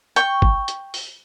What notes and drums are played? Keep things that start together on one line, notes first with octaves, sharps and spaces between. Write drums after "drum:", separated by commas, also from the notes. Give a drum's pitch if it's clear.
G5 C#6, drum: hi-hat
drum: kick G1
drum: hi-hat
drum: open hi-hat